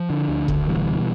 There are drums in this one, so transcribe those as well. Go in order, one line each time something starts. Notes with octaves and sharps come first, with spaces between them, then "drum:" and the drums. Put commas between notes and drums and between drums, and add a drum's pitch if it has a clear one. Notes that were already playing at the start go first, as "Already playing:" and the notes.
Already playing: F3
D3
D2
D2, drum: kick
B2 E3 G3
B2